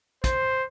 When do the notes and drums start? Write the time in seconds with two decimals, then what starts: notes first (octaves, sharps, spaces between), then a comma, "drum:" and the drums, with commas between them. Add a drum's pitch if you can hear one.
0.24 C5, drum: kick, hi-hat